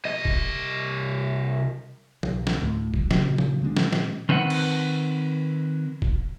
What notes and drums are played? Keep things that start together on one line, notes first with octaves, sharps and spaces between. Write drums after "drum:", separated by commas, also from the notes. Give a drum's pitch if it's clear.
C2 D#5
drum: kick
B1, drum: tom E3
drum: snare
D2 A2
G2, drum: kick
A#2 C#3 F#3, drum: snare
drum: tom E3
D3 G#3 A3 D4
A#2 D#3 G#3 C#4, drum: snare
drum: snare
D#3 C4 B4 D#5 F#5
drum: cymbal
drum: kick